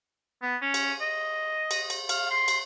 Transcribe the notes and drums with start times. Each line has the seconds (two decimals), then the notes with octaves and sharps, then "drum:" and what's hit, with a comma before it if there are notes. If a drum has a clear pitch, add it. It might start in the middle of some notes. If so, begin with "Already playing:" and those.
0.42 B3
0.62 C#4
0.74 drum: cymbal
1.01 D#5
1.71 drum: cymbal
1.90 drum: cymbal
2.09 F5, drum: cymbal
2.31 C6
2.48 drum: cymbal